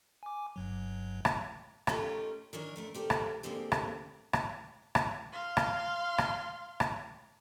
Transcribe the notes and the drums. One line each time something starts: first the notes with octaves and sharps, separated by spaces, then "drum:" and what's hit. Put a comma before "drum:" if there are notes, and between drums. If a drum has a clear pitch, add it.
G#5 D6
G1 G2 F#3
drum: rim click
A3 C#4 D#4 F4 G4 A#4, drum: rim click
D#3 E3 D4 A#4 C#5
F2 A3 A#4
C4 G4 A4 A#4 D5
drum: rim click
D3 G#3 A#3 C4 G4
drum: rim click
drum: rim click
drum: rim click
F5 C6
drum: rim click
drum: rim click
drum: rim click